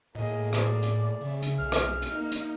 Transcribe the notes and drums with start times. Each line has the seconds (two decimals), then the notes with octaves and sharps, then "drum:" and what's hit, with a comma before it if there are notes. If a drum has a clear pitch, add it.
0.15 A2 A#3 G#4 D#5
0.53 D5, drum: rim click
0.83 drum: hi-hat
1.21 C#3 G#4 E5
1.42 drum: hi-hat
1.58 B1 F6
1.72 drum: rim click
2.02 drum: hi-hat
2.11 A#3 D#4
2.32 drum: hi-hat